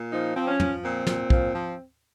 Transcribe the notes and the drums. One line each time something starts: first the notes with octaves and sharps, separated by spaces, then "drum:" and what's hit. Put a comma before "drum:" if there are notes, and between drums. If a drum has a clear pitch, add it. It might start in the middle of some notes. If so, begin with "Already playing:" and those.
Already playing: A#2
F3 D#4
F3 C4
C#4
F3, drum: tom
A#2 C4
A#2, drum: snare
F3, drum: kick
F3